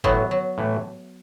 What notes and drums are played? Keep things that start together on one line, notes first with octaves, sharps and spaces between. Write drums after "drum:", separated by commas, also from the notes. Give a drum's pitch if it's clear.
A2 E3 F#3 A3 B3, drum: kick F#1
F#3
A2 E3 A3